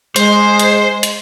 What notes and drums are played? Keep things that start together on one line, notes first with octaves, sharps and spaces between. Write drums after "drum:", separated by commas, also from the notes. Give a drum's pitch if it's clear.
G#3 C5, drum: hi-hat
drum: hi-hat
drum: hi-hat